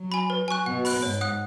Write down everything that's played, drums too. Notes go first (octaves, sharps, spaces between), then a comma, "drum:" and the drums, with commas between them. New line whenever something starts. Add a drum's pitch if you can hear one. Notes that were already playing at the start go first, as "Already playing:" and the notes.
Already playing: F#3
G#5 B5
B4
G#5 C#6 F#6
B2 F#5
B5 F#6, drum: open hi-hat
G#2 C#5
F#5 D#6 F#6